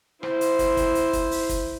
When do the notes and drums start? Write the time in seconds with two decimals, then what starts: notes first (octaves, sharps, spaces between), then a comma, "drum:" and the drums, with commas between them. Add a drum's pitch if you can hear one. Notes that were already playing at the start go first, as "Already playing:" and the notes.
0.23 E4 C5, drum: rim click
0.41 drum: hi-hat
0.59 drum: kick, hi-hat
0.77 drum: kick, hi-hat
0.95 drum: hi-hat
1.13 drum: kick, hi-hat
1.31 drum: open hi-hat
1.49 drum: kick, hi-hat